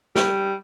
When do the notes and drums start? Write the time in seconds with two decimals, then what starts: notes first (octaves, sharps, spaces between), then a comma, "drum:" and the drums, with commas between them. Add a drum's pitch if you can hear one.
0.16 G3, drum: snare